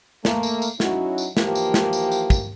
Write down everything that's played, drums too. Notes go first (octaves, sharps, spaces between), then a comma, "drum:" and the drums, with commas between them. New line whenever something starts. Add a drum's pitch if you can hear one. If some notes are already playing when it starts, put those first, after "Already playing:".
A3 A#3, drum: snare
drum: tambourine
drum: tambourine
F#3 C#4 D#4 E4 F#4, drum: snare
drum: tambourine
D#2 E3 F3 A#3 G4, drum: snare
drum: tambourine
drum: snare
drum: tambourine
drum: tambourine
drum: kick, tambourine